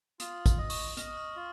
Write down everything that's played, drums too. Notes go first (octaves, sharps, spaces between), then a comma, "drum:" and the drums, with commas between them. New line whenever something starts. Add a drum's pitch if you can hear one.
F4 D#6, drum: hi-hat
drum: kick, hi-hat
D#5 D#6
C#6, drum: open hi-hat
D#6
D#5 F6, drum: hi-hat
D#6
F6
F4